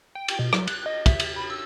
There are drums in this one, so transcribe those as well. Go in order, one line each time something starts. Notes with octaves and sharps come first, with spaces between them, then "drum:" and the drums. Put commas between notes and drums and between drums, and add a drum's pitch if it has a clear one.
G5
drum: cymbal
B2
F#3, drum: rim click
F#6, drum: cymbal
D#5
E5, drum: kick, cymbal
drum: cymbal
B5
E6